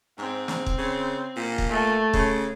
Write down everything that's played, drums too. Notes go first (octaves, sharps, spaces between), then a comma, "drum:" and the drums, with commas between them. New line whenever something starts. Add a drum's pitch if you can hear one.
G#2 C4
drum: snare
drum: kick
C#3
A#2
drum: kick
A3
C#3, drum: kick